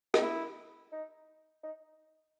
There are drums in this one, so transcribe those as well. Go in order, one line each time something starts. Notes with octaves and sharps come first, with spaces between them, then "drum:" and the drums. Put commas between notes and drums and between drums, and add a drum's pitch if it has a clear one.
D#4, drum: rim click
E4
D#4
D#4